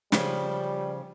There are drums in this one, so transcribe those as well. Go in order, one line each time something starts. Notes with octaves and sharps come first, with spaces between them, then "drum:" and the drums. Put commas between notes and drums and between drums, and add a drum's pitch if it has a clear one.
C#3 F3 G3, drum: snare